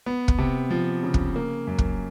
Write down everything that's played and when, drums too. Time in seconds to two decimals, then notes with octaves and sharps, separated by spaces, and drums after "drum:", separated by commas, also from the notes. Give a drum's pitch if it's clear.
0.06 B3
0.28 drum: kick
0.38 C3
0.70 F3
1.03 C#3
1.14 drum: kick
1.36 A#3
1.67 F#2
1.78 drum: kick